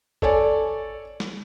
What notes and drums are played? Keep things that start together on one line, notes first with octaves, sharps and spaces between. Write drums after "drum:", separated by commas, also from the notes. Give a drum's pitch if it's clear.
A4 C#5 D5 G#5, drum: kick G#1
drum: snare